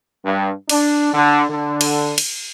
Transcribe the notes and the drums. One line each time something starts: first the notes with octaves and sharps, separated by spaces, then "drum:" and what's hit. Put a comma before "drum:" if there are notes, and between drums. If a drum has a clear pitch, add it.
G2
D4, drum: cymbal
D3
D3
drum: cymbal
drum: cymbal